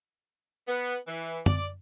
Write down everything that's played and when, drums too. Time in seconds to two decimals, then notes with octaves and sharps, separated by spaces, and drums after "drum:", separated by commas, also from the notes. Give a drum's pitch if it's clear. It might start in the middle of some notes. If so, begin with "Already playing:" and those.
0.68 B3
1.08 E3
1.46 D5, drum: tom F#2